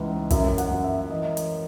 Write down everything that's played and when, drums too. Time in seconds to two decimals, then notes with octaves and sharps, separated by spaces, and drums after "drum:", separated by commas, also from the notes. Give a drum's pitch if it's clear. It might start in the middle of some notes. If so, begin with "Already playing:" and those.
Already playing: C#2 G#2 E3
0.30 F#2 E5, drum: kick, hi-hat
0.58 F#5, drum: hi-hat
0.71 F#2
0.84 E5
1.10 E3 D#5
1.37 drum: hi-hat